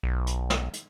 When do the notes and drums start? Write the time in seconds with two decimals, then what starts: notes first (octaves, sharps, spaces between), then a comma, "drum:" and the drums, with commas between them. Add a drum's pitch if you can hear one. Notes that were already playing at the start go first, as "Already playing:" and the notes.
0.03 B1
0.27 drum: hi-hat
0.50 drum: snare
0.73 drum: hi-hat